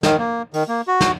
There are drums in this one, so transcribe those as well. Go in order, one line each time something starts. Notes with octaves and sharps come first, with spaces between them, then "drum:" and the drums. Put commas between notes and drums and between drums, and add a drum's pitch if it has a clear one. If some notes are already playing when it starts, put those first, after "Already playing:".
D#3, drum: snare
A#3
D#3, drum: open hi-hat
A#3
F#4
drum: snare